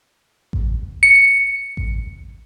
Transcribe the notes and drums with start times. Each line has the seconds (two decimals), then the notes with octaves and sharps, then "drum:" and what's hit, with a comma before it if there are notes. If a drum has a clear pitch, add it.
0.53 drum: kick A1
1.03 C#7
1.77 drum: kick A1